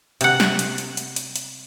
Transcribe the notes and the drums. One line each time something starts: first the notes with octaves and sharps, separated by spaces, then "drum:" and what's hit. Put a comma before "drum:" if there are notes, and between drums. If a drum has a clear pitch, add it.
C3 F#5, drum: hi-hat
drum: snare
drum: hi-hat
drum: hi-hat
drum: hi-hat
drum: hi-hat
drum: hi-hat